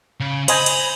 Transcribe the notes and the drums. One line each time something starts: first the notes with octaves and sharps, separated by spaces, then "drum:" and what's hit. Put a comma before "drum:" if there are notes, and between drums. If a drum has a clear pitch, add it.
C#3
C5 D#5 G#5 B5, drum: cymbal
drum: cymbal